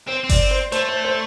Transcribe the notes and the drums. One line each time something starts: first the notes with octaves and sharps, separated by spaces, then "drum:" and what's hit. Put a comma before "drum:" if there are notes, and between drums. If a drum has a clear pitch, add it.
C4 C5
C4
D5, drum: kick G1, open hi-hat
C5
A3 C5, drum: hi-hat
C5
C5